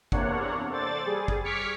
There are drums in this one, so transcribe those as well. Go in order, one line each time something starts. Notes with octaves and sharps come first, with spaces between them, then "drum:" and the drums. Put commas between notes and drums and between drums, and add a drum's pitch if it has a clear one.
E2 C3 A#3 D4 C#5 F#5, drum: kick
A4 C5 D5 A6
G3 G#4
drum: kick
C#6 D6 F6 G#6 B6 C#7